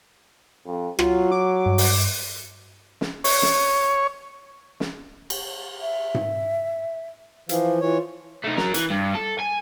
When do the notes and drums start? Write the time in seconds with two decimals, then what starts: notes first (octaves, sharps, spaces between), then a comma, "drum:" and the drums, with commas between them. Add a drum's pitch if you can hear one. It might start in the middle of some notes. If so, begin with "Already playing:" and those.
0.66 F2
0.99 F#3 F4, drum: rim click
1.32 D6
1.66 G2
1.78 drum: open hi-hat
3.01 drum: snare
3.24 C#5, drum: open hi-hat
3.42 drum: snare
4.80 drum: snare
5.30 drum: cymbal
5.81 E5
6.14 drum: tom G#2
7.49 E3 F3 F5, drum: hi-hat
7.81 E3 F4 C#5
8.44 A3 D#4
8.57 F#3 A#4, drum: snare
8.74 E3, drum: hi-hat
8.90 G2
9.15 A4
9.40 G#5